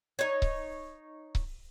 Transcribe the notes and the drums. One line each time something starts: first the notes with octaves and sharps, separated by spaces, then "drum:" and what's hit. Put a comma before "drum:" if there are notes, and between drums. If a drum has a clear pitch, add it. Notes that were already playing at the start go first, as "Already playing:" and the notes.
D#4 C#5
drum: kick C#1
drum: kick C#1